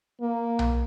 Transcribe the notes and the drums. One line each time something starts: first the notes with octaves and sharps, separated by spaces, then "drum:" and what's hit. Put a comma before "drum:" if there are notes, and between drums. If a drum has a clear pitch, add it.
A#3
drum: tom B1